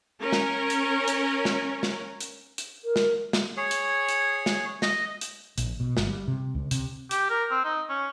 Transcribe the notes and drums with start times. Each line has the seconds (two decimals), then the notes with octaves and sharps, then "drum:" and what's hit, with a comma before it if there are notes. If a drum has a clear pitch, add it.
0.21 C#4 A#4
0.32 drum: snare
0.70 drum: hi-hat
1.08 drum: hi-hat
1.45 drum: snare
1.83 drum: snare
2.21 drum: hi-hat
2.58 drum: hi-hat
2.84 A#4
2.96 drum: snare
3.33 drum: snare
3.57 G#4 C#5
3.71 drum: hi-hat
4.09 drum: hi-hat
4.46 drum: snare
4.82 D#5, drum: snare
5.21 drum: hi-hat
5.58 A#1, drum: hi-hat
5.80 B2
5.97 G1, drum: snare
6.09 G3
6.28 C3
6.55 C#2
6.71 C3, drum: hi-hat
7.11 G4, drum: hi-hat
7.29 A#4
7.51 C4
7.64 D#4
7.89 C#4